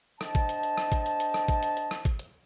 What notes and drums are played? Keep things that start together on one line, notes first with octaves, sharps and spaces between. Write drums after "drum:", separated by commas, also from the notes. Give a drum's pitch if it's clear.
D4 C5 D#5 G5 A5, drum: rim click
drum: kick G#1, hi-hat
drum: hi-hat
drum: hi-hat
drum: rim click
drum: kick G#1, hi-hat
drum: hi-hat
drum: hi-hat
drum: rim click
drum: kick G#1, hi-hat
drum: hi-hat
drum: hi-hat
drum: rim click
drum: kick G#1, hi-hat
drum: hi-hat